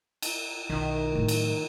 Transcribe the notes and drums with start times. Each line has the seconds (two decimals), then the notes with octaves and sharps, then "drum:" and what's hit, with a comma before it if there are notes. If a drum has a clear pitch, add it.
0.22 drum: cymbal
0.70 B1 D#3
1.15 A2 F#3
1.28 drum: cymbal